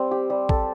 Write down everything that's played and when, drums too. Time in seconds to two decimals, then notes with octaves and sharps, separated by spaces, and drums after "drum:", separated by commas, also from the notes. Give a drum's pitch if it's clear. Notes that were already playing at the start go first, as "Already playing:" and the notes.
Already playing: G3 C4
0.11 G4
0.30 G3
0.49 A4, drum: kick A1